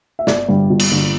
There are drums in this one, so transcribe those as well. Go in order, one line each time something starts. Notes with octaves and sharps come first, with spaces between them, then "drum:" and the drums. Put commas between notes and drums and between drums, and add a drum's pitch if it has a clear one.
E5
G1 D5, drum: snare
G2 D3 G3
G1
drum: cymbal
G2 D3 G3